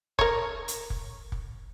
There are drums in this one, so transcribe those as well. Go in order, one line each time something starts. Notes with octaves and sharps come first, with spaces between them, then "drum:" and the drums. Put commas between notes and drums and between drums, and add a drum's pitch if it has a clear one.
A#4 C#5, drum: kick
drum: hi-hat
drum: kick
drum: kick